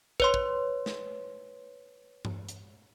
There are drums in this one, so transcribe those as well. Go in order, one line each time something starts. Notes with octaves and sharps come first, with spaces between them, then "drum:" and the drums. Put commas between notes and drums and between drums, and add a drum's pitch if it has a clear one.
B4 C#5 C6, drum: kick
drum: kick
drum: snare
drum: tom G2
drum: hi-hat